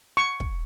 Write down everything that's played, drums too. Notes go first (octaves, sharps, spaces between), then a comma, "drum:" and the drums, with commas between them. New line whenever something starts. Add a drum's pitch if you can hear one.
C#6
drum: kick